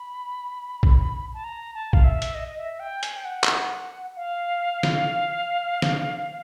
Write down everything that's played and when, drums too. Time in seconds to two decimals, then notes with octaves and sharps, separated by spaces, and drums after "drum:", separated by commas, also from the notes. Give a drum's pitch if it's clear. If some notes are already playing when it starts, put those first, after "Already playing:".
Already playing: B5
0.83 drum: kick B1
1.34 A5
1.44 A#5
1.75 A5
1.93 F5, drum: kick B1
2.04 E5
2.22 drum: hi-hat
2.35 D#5
2.58 E5
2.80 G5
3.03 G#5, drum: hi-hat
3.16 G5
3.25 F#5
3.44 drum: clap
4.16 F5
4.83 drum: snare
5.82 drum: snare